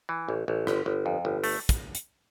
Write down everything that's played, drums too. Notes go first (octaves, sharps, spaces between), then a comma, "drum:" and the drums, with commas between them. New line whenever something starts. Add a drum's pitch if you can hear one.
E3
A1
A1
G1, drum: rim click
G1
F2
G1
A3, drum: open hi-hat
drum: kick, hi-hat
drum: hi-hat